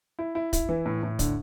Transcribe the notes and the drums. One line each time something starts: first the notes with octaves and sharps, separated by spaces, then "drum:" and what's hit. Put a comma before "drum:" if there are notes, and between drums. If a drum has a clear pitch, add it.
E4
E4
E4, drum: kick, hi-hat
E3
A2
A2
D3, drum: kick, hi-hat